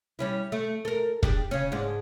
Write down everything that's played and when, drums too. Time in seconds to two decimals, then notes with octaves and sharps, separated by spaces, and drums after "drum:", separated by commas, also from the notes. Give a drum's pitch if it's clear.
0.19 G3 C#4 E4
0.52 A3
0.85 A4 A#4
1.23 D4 G4 G#4, drum: kick
1.51 C#3 C#4
1.72 G#2 G#3 D4